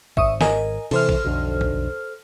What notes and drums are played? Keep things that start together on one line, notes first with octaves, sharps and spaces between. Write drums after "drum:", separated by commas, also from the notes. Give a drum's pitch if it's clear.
G#1 E5 C#6 D#6, drum: kick A1
A#4 D#5 G#5, drum: snare
C3 E3 A4 C5 F6, drum: cymbal
drum: kick A1
B1 F2 D3
drum: kick A1